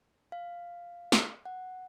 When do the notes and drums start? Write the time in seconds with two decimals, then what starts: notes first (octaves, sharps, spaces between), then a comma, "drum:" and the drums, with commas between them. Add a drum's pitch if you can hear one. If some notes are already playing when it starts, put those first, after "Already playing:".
0.32 F5
1.12 drum: snare
1.46 F#5